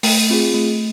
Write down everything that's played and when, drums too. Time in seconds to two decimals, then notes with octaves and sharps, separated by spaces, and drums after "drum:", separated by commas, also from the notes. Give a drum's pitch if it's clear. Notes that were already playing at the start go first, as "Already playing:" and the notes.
0.03 A3, drum: open hi-hat
0.30 C4 F4 G#4
0.54 A3